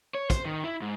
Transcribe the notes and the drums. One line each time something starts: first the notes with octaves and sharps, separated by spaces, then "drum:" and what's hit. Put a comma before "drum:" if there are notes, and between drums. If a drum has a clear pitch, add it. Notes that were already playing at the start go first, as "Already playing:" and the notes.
C#5
C5, drum: kick, hi-hat
D#3
E4
G#2